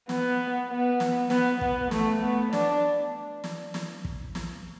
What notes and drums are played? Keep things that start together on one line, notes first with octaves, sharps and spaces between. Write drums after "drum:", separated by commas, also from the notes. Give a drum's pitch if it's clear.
B3, drum: snare
B3
drum: snare
B3, drum: snare
B3, drum: kick
A3, drum: snare
B3
D4, drum: snare
drum: snare
drum: snare
drum: kick
drum: snare